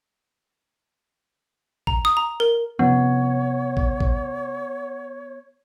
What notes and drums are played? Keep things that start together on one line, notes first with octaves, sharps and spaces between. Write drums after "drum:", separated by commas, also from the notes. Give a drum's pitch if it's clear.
A#5, drum: kick A1
D#6
A#5
A#4
C3 F3 B3 C#4 C#5 F#5
drum: kick A1
drum: kick A1